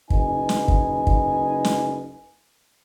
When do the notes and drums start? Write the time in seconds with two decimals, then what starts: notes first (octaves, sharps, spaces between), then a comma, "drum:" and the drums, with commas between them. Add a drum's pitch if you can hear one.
0.10 F#1 D#4 B4 G#5, drum: kick
0.49 drum: snare
0.68 drum: kick
1.07 drum: kick
1.65 drum: snare